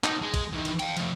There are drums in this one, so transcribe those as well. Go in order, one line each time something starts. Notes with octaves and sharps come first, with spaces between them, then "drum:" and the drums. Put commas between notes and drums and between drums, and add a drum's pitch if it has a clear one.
B3 D#4, drum: clap
G#3
drum: kick, cymbal
D#3 E3
drum: cymbal
F5 G5, drum: cymbal
F3 A3, drum: cymbal